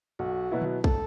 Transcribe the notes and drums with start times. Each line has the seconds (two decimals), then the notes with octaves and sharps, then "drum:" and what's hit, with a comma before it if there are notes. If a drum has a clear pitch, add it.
0.19 B1 F#4
0.52 B2 F#3 B3 E4
0.62 drum: tom
0.84 A4, drum: kick